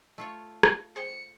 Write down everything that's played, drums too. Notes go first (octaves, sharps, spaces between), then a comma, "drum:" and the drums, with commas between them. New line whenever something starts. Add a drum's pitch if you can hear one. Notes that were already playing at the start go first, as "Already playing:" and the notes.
A3 F4 C#5
drum: rim click
G#4 C5 G5 C#7